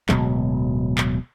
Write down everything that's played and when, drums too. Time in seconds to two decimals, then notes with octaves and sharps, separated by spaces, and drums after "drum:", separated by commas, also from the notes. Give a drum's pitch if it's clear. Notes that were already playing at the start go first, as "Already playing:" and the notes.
0.09 D1 B2 F#3 G#3, drum: clap
0.98 drum: clap